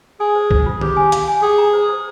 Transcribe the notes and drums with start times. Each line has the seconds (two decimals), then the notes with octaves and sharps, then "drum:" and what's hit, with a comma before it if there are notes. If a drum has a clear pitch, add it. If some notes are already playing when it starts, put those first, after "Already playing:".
0.20 G#4 G#5
0.35 C5
0.51 C5, drum: kick
0.66 F4
0.81 G4 C5, drum: tom D#3
0.97 G#5
1.12 F5, drum: hi-hat
1.28 G#5
1.42 G#4 G5
1.58 A#5
1.73 C5
1.89 C5